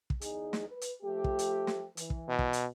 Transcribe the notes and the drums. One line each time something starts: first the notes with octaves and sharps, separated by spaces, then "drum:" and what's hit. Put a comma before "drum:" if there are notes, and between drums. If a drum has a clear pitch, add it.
drum: kick
E2 D#4 G#4, drum: hi-hat
drum: snare
B4
drum: hi-hat
F3 A3 G4
drum: kick
drum: hi-hat
drum: snare
E3, drum: hi-hat
drum: kick
B2
drum: kick
drum: hi-hat